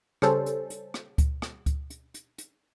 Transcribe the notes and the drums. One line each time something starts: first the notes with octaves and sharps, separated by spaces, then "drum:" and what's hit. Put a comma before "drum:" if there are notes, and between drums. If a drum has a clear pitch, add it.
C#3 G3 C#4 A4 C5, drum: rim click
drum: hi-hat
drum: hi-hat
drum: rim click
drum: kick C#2, hi-hat
drum: rim click
drum: kick C#2, hi-hat
drum: hi-hat
drum: hi-hat
drum: hi-hat